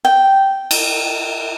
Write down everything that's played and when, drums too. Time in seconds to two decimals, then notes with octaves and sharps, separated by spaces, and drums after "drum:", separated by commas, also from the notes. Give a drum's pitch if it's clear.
0.05 G5
0.71 drum: cymbal